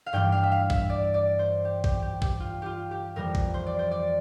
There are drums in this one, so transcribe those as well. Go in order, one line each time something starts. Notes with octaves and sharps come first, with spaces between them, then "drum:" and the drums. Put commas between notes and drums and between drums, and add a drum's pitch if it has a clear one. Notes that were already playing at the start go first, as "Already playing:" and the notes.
F5
G2 E3 G3 G5
F5
E5
F5
E5, drum: kick A#1
D5
D5
C5
G4
G4, drum: kick A#1
G4
G4, drum: kick A#1
F4
F4 G4
G4
F2 E3 G3 A#3 A#4
drum: kick A#1
C5
D5
C5
D5